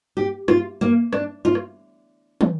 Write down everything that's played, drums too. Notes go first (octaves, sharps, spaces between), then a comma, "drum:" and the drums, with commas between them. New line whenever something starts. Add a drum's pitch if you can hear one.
G4
F4, drum: rim click
A#3
D4, drum: rim click
F4
drum: rim click
drum: tom